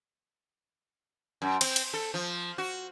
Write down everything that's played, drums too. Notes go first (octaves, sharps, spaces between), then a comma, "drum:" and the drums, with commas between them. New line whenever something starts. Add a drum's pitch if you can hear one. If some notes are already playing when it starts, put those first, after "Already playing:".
F#2
C4, drum: cymbal
drum: cymbal
A4
F3
F#4